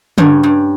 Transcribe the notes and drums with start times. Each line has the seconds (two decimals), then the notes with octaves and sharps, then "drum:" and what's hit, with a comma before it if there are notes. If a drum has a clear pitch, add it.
0.18 G2 C#4, drum: tom
0.43 G2